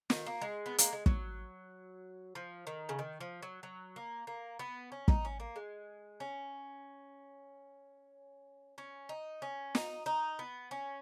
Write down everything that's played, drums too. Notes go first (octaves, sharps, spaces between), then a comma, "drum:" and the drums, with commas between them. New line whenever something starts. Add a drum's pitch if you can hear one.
D#3, drum: snare
A#3
G#3
B3
A#3, drum: hi-hat
G#3
F#3, drum: kick
F3
D#3
C#3
D#3
F3
F#3
F#3
A#3
A#3
B3
C#4
D#4, drum: kick
C#4
A#3
G#3
C#4
C#4
D#4
C#4
D#4, drum: snare
D#4
B3
C#4